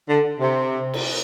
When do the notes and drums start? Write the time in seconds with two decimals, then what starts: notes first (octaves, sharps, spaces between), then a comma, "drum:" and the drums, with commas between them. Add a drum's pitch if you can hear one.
0.08 D3
0.39 C3
0.94 drum: cymbal